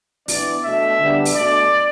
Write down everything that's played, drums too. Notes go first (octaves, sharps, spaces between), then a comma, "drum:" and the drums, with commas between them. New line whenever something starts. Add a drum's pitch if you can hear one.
E3 B3 D4 D5, drum: open hi-hat
B2 A3 D4 E5
D3 G3 B3 D4
drum: open hi-hat
B2 A3 D4 D5